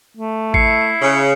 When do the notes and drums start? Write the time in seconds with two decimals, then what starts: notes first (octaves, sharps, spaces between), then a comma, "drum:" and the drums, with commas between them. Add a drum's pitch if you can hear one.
0.17 A3
0.54 E4 C7 C#7, drum: kick G#1
1.02 C#3